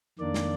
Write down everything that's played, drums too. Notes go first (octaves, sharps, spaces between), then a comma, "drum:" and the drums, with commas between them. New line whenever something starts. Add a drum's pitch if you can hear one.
F2 D#3 A#3 D4 D5
drum: snare